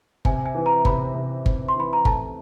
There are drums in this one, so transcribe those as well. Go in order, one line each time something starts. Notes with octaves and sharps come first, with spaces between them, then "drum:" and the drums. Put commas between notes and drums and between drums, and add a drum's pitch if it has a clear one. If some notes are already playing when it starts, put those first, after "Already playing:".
C3 G#5, drum: kick G1
G#5
E3
A#5
C3 B5, drum: kick G1
C3
C3, drum: kick G1
C6
E3 B5
A#5
A3 A5, drum: kick G1